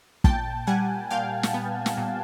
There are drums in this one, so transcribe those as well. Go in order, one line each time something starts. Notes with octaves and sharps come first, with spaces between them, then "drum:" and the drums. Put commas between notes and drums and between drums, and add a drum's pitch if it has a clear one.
A#2 G5 A5, drum: kick
G3 F#5 G#5
A#2 F5 G5
drum: snare
B3
drum: snare
A#2